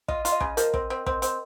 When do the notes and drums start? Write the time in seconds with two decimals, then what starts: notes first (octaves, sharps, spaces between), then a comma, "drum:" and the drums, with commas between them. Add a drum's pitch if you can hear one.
0.08 F4 D#5, drum: kick
0.25 F4, drum: hi-hat
0.32 D#5
0.41 C#3, drum: kick
0.57 F3 A#4, drum: hi-hat
0.74 C4, drum: kick
0.90 C4
1.06 C4, drum: kick
1.22 C4, drum: hi-hat